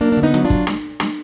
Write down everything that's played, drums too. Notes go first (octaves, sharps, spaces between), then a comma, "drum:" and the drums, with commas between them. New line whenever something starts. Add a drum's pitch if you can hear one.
F#3 A#3 D4
D3 D4
B3 D#4
F#3, drum: hi-hat
D4 F4
F#3, drum: kick
drum: snare
drum: snare